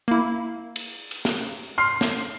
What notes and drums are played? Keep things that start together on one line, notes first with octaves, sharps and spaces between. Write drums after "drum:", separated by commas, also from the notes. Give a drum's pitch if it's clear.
A#3 E4
drum: cymbal
drum: cymbal
drum: snare
C6 F6 C7
drum: snare